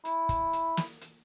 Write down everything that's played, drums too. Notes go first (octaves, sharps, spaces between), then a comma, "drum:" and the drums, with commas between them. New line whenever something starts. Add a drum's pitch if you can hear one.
E4, drum: hi-hat
drum: kick, hi-hat
drum: hi-hat
drum: snare
drum: hi-hat